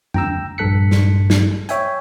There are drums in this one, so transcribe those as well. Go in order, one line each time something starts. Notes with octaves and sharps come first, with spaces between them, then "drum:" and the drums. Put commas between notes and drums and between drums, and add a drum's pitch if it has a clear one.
G5 A#5 E6, drum: tom F2
A#1 G2 A4 F#6 B6 C#7
drum: snare
drum: snare
C#5 E5 G5 G#5, drum: hi-hat